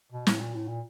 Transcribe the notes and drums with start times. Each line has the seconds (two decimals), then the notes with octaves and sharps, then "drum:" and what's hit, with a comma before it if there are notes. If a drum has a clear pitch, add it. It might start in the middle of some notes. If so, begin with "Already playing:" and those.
0.12 B2
0.27 A2, drum: snare
0.40 A#2
0.54 A2
0.68 A#2